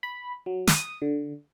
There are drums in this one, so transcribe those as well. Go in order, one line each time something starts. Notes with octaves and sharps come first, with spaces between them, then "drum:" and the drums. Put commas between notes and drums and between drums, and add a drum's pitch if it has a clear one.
B5
F#3
D#6, drum: snare
D3